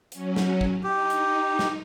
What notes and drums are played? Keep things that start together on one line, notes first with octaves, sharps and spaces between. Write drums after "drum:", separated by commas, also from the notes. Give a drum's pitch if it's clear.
F#3 C#4, drum: hi-hat
drum: snare
drum: kick
D#4 G4
drum: hi-hat
drum: snare